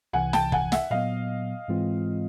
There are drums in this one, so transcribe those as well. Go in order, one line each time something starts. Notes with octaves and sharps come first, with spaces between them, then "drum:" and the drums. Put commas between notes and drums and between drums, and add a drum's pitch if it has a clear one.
C2 C3 E3 F#5 G#5
G5 A5, drum: snare
F#5 G#5, drum: kick
E5 F#5, drum: snare
A#2 F#3 B3 D#5 F5
G#2 E3 G#3 C4 F4